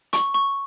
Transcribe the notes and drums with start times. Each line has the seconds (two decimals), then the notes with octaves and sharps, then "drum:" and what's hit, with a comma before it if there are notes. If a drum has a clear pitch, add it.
0.13 C#6, drum: hi-hat
0.34 C#6